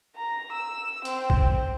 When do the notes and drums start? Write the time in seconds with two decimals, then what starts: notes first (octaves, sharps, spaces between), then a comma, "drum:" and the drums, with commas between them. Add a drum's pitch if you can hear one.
0.16 A#5
0.53 E6
1.05 C4, drum: hi-hat
1.30 drum: kick